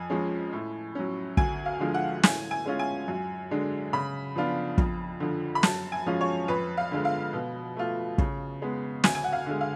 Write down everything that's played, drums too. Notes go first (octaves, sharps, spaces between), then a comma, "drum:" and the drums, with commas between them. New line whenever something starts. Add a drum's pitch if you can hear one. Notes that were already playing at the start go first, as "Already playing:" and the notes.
Already playing: F2 G#5
F3 G#3 C#4
A2
F#3 C#4
D2 G#5, drum: kick
F5
D3 F3 G#3
F#5
A2 G#5, drum: snare
G#5
G#3 C#4 F4
G#5
F#2
D3 G#3 D4
C#3 B5
F3 B3 D4 F4
F2, drum: kick
D3 F3
B5
F#2 A5, drum: snare
G#5
F3 G#3 C#4 F4
C#5
F2 B4
F5
D3 G#3
F5
B2
A3 F4
C#3, drum: kick
G#3 B3
D2 G#5, drum: snare
G#5
F#5
F5
D3 G#3
F5